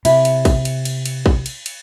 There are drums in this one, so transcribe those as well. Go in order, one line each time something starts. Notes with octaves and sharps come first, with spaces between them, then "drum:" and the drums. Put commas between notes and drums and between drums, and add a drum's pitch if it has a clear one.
C3 E4, drum: cymbal
drum: cymbal
drum: kick, cymbal
drum: cymbal
drum: cymbal
drum: cymbal
drum: kick
drum: cymbal
drum: cymbal